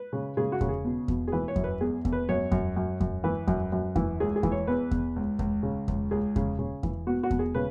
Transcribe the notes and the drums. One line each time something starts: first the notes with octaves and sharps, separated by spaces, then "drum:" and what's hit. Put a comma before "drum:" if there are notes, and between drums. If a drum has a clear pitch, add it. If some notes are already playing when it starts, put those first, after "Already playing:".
Already playing: B4
C#3
C#3 G#4
F#4
C#3, drum: kick E2
G#4
B2
B2, drum: kick E2
G#4
E3 B4
C#5
F#2, drum: kick E2
B4
E2 G#4
E2, drum: kick E2
B4
F#2 C#5
F#2, drum: kick E2
F#2
F#2, drum: kick E2
E3 B4
F#2, drum: kick E2
F#2
E3, drum: kick E2
C#2 G#4
G#4
E3, drum: kick E2
C#5
E2 B4
E2, drum: kick E2
C#2
C#2, drum: kick E2
C#3
C#2, drum: kick E2
C#2 G#4
C#3, drum: kick E2
C#3
E3, drum: kick E2
B2 F#4
F#4
B2, drum: kick E2
G#4
C#3 B4